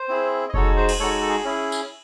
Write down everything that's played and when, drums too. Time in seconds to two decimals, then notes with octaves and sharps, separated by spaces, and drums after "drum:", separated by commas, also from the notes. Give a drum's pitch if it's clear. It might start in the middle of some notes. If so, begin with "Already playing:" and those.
Already playing: C5
0.08 C4 E4 G#4
0.49 D#5
0.54 G#3 D#4 F#4 A4 C#5, drum: kick F1
0.77 G#4 C5
0.89 drum: cymbal
0.99 G#3 D#4 F#4 A4 C#5
1.21 A4
1.30 G#4
1.44 C#4 E4 G#4
1.72 drum: tambourine